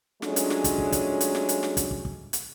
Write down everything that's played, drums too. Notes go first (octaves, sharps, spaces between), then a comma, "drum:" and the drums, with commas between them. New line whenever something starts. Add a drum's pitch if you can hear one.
F#3 G#3 A3 C#4 D4 F4, drum: snare
drum: hi-hat
drum: snare
drum: kick, hi-hat
drum: kick
drum: kick, hi-hat
drum: hi-hat
drum: snare
drum: hi-hat
drum: snare
drum: kick, hi-hat
drum: kick
drum: kick
drum: hi-hat